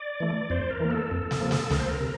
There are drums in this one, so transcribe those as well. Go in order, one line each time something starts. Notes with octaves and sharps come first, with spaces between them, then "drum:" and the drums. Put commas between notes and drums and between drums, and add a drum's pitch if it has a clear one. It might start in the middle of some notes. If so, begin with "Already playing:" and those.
Already playing: D5
E3 A3
F2 C5
A#4
E3 A#3
A4
F2
drum: snare
C3 F3 A#3
drum: snare
D2 A#4, drum: snare
C5
A#4
C3